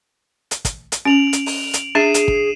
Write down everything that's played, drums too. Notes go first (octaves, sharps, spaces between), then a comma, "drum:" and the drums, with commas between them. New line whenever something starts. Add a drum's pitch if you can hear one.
drum: hi-hat
drum: kick, hi-hat
drum: hi-hat
C#4 D7 F7 F#7
drum: hi-hat
drum: open hi-hat
drum: hi-hat
D4 G#4 E5 C7 D#7 E7
drum: hi-hat
drum: kick